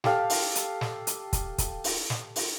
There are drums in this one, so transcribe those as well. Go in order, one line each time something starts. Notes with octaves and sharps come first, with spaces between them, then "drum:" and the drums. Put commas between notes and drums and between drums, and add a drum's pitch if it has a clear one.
G4 A4 F5, drum: snare
drum: open hi-hat
drum: hi-hat
drum: snare
drum: hi-hat
drum: kick, hi-hat
drum: kick, hi-hat
drum: open hi-hat
drum: snare
drum: open hi-hat